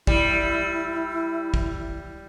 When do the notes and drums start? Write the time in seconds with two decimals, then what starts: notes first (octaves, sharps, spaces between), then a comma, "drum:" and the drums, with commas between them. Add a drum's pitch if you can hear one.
0.07 G3 E4, drum: kick
1.54 drum: kick